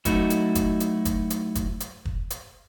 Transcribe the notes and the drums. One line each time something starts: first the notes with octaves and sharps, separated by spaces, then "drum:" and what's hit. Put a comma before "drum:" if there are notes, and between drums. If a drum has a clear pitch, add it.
F#3 A3 D#4 E4 F#4, drum: kick, hi-hat
drum: hi-hat
drum: kick, hi-hat
drum: hi-hat
drum: kick, hi-hat
drum: hi-hat
drum: kick, hi-hat
drum: hi-hat
drum: kick
drum: hi-hat